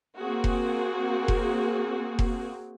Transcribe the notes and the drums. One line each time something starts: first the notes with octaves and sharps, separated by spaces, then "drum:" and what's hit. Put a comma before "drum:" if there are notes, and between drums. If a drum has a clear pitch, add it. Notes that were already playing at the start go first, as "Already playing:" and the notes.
A#3 C4 F#4 G#4
drum: kick F1
drum: kick F1
drum: kick F1